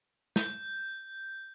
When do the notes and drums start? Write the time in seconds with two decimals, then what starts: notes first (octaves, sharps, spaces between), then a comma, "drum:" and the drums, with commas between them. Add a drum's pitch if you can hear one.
0.36 G6, drum: snare